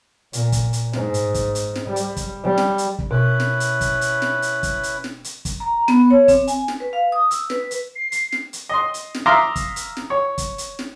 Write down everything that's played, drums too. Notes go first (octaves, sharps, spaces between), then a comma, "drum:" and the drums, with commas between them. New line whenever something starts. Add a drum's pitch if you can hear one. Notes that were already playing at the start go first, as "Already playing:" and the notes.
A#2, drum: hi-hat
drum: kick, hi-hat
drum: hi-hat
G#2, drum: snare
drum: hi-hat
drum: kick, hi-hat
drum: hi-hat
drum: snare
G3
drum: hi-hat
drum: kick, hi-hat
G3
drum: snare
drum: hi-hat
drum: kick
B2 C#4 E4 B4
drum: snare
drum: hi-hat
drum: kick, hi-hat
drum: hi-hat
drum: snare
drum: hi-hat
drum: kick, hi-hat
drum: hi-hat
drum: snare
drum: hi-hat
drum: kick, hi-hat
A#5
B3, drum: snare
C#5
C4, drum: kick, hi-hat
G#5, drum: hi-hat
drum: snare
B4
F5
D#6
E6, drum: hi-hat
B4, drum: snare
drum: hi-hat
C7
drum: hi-hat
drum: snare
drum: hi-hat
D#5 C6
drum: hi-hat
drum: snare
E5 F5 A#5 C6 D6 D#6
drum: kick, hi-hat
drum: hi-hat
drum: snare
C#5
drum: kick, hi-hat
drum: hi-hat
drum: snare